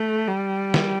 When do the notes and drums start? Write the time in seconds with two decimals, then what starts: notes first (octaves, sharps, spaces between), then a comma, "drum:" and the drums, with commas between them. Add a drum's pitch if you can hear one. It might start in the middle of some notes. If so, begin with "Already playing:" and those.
Already playing: A3
0.28 G3
0.74 drum: snare